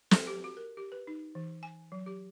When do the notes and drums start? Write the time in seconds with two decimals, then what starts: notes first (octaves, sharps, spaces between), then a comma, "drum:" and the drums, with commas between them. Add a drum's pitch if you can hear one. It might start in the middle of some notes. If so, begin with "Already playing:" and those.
0.11 A4, drum: snare
0.27 G4
0.44 F#4
0.57 A#4
0.77 G4
0.92 B4
1.07 D#4
1.35 E3
1.63 G#5
1.92 F#3
2.06 G4